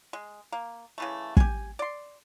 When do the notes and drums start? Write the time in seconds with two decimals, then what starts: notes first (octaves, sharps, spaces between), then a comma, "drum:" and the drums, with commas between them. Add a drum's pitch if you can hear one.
0.13 G#3
0.52 A#3
0.98 C#3 E3 A3
1.37 G4 G#5, drum: kick
1.79 D5 C6